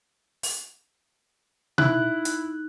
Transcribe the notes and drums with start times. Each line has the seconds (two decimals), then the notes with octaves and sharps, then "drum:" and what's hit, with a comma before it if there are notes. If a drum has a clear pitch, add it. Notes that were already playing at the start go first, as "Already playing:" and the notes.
0.43 drum: open hi-hat
1.78 D#4 E4 F#6, drum: tom B2
2.25 drum: hi-hat